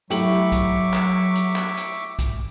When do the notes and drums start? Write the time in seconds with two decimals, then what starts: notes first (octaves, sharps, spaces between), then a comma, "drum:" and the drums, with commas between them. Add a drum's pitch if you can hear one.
0.10 F#3 A3 E4 G4 E5 C#6 D6 F#7, drum: hi-hat
0.52 drum: kick, hi-hat
0.94 drum: clap
1.35 drum: hi-hat
1.56 drum: clap
1.77 drum: hi-hat
2.19 drum: kick, hi-hat